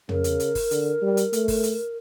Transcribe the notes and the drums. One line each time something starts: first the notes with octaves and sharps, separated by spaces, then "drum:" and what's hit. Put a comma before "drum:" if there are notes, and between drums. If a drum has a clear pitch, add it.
C#3 A#4, drum: tom
drum: hi-hat
drum: hi-hat
drum: kick G1, open hi-hat
D3, drum: hi-hat
G3
drum: hi-hat
A3, drum: hi-hat
drum: kick G1, open hi-hat
drum: hi-hat